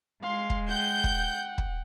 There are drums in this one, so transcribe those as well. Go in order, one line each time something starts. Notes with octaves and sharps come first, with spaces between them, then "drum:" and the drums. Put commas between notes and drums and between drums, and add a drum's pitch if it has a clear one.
G#3 F5 C6
drum: kick
F#5 G5 G6
drum: kick
drum: kick